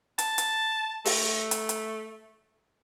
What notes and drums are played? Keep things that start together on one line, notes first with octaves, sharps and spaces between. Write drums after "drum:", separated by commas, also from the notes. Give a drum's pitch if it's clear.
A5, drum: hi-hat
drum: hi-hat
A3, drum: open hi-hat
drum: hi-hat
drum: hi-hat